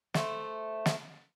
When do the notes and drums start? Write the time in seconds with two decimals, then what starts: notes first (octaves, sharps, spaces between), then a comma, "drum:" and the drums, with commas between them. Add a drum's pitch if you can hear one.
0.14 A3 C5, drum: snare
0.86 drum: snare